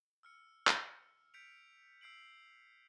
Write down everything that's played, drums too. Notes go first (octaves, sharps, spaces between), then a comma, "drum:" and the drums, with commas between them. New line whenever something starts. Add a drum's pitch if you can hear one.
E6 F6 C#7
drum: clap
G6 B6 C#7 D7 F7
E6 G6 C7 D7 F#7